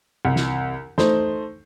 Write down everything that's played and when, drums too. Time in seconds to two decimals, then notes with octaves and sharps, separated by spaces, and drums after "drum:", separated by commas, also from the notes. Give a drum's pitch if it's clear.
0.25 C2
0.36 drum: snare
0.98 A3 D#4 C5, drum: snare